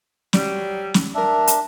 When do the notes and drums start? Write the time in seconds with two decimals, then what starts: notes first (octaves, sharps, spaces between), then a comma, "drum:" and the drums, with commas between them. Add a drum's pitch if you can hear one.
0.33 F#3 G3, drum: snare
0.94 drum: snare
1.15 D4 A#4 E5
1.47 drum: hi-hat